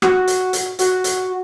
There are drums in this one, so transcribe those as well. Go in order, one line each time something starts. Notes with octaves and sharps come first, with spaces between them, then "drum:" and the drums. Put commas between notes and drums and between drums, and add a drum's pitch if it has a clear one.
F#4, drum: rim click
drum: hi-hat
drum: hi-hat
F#4, drum: hi-hat
drum: hi-hat